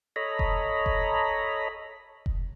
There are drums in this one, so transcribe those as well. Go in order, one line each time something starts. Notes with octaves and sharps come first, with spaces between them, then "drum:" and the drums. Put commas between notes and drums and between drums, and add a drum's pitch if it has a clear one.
A4 C#5 D#5 A#5 B5
drum: kick F1
drum: kick F1
drum: kick F1